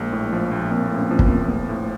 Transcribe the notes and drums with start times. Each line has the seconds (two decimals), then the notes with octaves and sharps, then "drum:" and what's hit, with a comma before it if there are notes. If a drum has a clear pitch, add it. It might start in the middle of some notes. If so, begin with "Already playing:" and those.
Already playing: A#1 G#3 A#3
0.13 A2
0.32 F3
0.52 A#1
0.71 A#1 A#3 C4
0.91 A2
0.98 B3 C#4
1.11 F3
1.19 B3, drum: kick
1.24 A#3 C4
1.30 A#1
1.49 A#1 A3 B3
1.69 A2